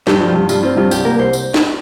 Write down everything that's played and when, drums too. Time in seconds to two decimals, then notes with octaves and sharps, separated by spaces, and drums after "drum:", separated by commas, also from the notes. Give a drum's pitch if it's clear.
0.07 G2 G4, drum: snare
0.20 F3
0.28 F4
0.34 G2
0.49 G2 F4, drum: tambourine
0.63 C4 F4
0.77 G2 F4
0.91 C2 G4, drum: tambourine
1.05 A#3 A#4
1.19 C2 C5
1.33 drum: tambourine
1.54 drum: snare